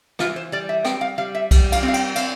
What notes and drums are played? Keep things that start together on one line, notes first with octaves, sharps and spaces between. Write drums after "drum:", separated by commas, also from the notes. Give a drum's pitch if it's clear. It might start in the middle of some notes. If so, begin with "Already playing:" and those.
E3 F4, drum: rim click
C5
G3 D5
E5
C4 G5, drum: rim click
F5
G3 F5
E5
G3, drum: kick B1, cymbal
F5, drum: cymbal
C4
F5
G5, drum: cymbal
C4 F5, drum: cymbal